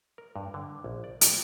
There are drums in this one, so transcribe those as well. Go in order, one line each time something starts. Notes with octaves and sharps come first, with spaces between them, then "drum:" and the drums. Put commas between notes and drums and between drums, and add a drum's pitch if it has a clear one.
A#4
G2
D3
A#1
D5
A4, drum: hi-hat